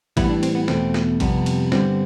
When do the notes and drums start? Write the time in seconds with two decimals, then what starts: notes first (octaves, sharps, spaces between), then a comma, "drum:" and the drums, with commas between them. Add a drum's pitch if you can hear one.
0.17 A2 E3 G3 B3 E4, drum: kick A1, cymbal
0.30 D4
0.43 C4, drum: cymbal
0.55 B3
0.68 E2 B2 A3 C4, drum: snare
0.94 drum: snare
1.20 F2 C3 G3 B3, drum: kick A1, cymbal
1.46 drum: cymbal
1.72 G2 D3 G3 B3 C4, drum: snare